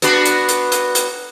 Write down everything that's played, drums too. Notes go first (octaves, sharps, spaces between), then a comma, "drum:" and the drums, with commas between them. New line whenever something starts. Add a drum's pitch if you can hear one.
B3 D4 F#4, drum: hi-hat
drum: hi-hat
drum: hi-hat
drum: hi-hat
drum: hi-hat